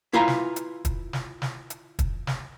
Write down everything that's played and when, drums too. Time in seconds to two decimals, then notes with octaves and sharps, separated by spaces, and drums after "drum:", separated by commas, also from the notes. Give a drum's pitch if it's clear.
0.13 E4 F4 B4 F5 G#5 A#5
0.28 drum: snare
0.56 drum: hi-hat
0.85 drum: kick, hi-hat
1.13 drum: snare
1.42 drum: snare
1.70 drum: hi-hat
1.99 drum: kick, hi-hat
2.27 drum: snare